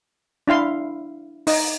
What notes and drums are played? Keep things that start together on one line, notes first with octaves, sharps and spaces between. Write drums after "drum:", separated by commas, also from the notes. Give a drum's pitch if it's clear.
D4 E4 F5 C6
D#4 D#5, drum: open hi-hat